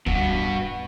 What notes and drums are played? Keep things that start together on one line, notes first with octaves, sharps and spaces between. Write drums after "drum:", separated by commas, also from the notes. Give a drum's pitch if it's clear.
E2 G2 B3 F#4, drum: kick